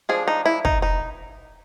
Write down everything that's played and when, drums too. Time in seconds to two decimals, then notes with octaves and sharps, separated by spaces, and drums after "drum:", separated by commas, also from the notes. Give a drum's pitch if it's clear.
0.09 F3 G#3 D4 G#4
0.28 D#4
0.46 E4
0.65 D#4, drum: kick
0.82 D#4